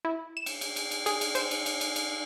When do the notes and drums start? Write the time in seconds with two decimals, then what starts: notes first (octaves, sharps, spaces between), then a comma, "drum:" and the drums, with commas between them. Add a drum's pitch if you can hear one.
0.05 E4
0.37 E7
0.46 drum: cymbal
0.61 drum: cymbal
0.76 drum: cymbal
0.91 drum: cymbal
1.06 G#4, drum: cymbal
1.21 drum: cymbal
1.35 C5, drum: cymbal
1.51 drum: cymbal
1.66 drum: cymbal
1.81 drum: cymbal
1.96 drum: cymbal